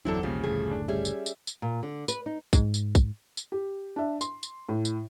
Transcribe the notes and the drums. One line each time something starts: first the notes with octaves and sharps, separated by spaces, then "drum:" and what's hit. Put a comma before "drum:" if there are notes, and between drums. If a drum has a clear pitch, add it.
G1 E2 D3 F#3 C4 D4 E4 A4
B1 E2 C#3 F3 G3 A#3 F4
F#1 D2 A2 A3 G#4
D4
G3 C#4 G#4 E5
drum: tambourine
drum: tambourine
drum: tambourine
A#2
D3
B4, drum: tambourine
D#4
G#2, drum: kick, tambourine
drum: tambourine
drum: kick, tambourine
drum: tambourine
G4
D4 E5
C6, drum: tambourine
drum: tambourine
A2
drum: tambourine